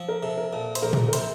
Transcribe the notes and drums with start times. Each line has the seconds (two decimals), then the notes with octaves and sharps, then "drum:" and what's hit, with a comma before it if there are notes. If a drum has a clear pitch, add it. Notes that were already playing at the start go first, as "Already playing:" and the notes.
Already playing: F3 C4
0.08 A#4
0.23 C3 A4
0.38 A#4
0.53 A#2 A4
0.75 C5, drum: hi-hat
0.82 A#1 A#4
0.93 drum: tom
1.08 A#4
1.13 C3 C5, drum: hi-hat